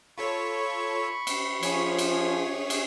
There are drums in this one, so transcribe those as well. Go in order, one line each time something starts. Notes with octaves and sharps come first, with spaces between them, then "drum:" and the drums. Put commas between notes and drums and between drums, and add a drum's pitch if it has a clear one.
F4 A4 C#5 B5 C#6
drum: cymbal
F3 G#4 C#5, drum: cymbal
drum: cymbal
drum: cymbal